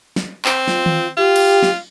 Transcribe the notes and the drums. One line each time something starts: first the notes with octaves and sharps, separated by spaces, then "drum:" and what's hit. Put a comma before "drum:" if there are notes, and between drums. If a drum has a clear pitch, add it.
drum: snare
C4, drum: clap
F4, drum: snare
drum: tom D#3
F4 G4
drum: cymbal
drum: snare